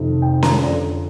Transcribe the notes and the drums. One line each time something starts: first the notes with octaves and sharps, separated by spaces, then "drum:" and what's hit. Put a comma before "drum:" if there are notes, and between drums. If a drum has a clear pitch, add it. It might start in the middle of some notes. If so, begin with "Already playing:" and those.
Already playing: F2 C3 D#3
G5
A#5, drum: snare C#4
F2 D3 F3 D5